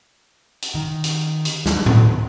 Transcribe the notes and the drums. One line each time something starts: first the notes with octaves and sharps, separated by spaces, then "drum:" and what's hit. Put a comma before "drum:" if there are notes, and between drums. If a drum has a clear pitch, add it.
drum: hi-hat
D#3
drum: hi-hat
drum: hi-hat
D#2, drum: snare
drum: tom A2